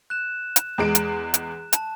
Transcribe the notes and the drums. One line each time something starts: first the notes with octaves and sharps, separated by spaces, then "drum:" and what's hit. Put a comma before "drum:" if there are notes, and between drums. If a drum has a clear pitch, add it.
F#6 E7
drum: hi-hat
E2 G#3 D7 E7
drum: hi-hat
drum: hi-hat
A5, drum: hi-hat